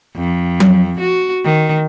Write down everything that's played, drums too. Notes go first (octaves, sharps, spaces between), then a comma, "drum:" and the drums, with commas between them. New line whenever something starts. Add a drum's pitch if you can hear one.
F2
drum: tom F#3
F#4
D#3